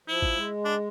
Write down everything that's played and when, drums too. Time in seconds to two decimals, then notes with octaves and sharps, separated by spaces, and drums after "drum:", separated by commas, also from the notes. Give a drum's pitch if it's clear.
0.08 F3 E4
0.22 drum: kick
0.36 G#3
0.65 D4